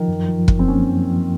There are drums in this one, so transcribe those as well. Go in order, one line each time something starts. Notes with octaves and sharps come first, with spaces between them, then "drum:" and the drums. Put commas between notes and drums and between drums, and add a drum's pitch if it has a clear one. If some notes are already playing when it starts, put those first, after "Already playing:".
Already playing: D#3 F3
F#2
F3
F#2, drum: kick
C4
A#3 C#4
F#2
F3